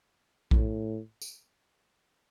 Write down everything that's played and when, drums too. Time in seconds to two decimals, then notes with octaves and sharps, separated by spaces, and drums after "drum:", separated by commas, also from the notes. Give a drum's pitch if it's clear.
0.51 A2, drum: kick A#1
1.22 drum: tambourine